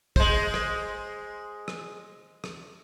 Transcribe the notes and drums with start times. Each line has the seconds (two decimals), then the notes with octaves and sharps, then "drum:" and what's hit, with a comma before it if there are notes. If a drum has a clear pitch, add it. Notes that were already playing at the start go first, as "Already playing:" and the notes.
0.16 G#3 C5, drum: kick, open hi-hat
0.54 drum: rim click
1.68 drum: rim click
2.44 drum: rim click